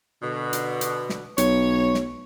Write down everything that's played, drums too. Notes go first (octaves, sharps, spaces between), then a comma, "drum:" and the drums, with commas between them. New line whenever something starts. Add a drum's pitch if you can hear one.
B2 D3
drum: hi-hat
drum: hi-hat
drum: snare
B1 C#5, drum: hi-hat
drum: snare